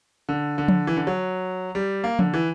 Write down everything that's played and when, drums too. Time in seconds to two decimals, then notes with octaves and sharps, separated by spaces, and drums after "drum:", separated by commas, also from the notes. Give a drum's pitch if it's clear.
0.29 D3
0.58 D3
0.68 drum: tom F3
0.87 E3
0.97 D3
1.07 F#3
1.75 G3
2.04 A#3
2.19 D3, drum: tom F3
2.34 E3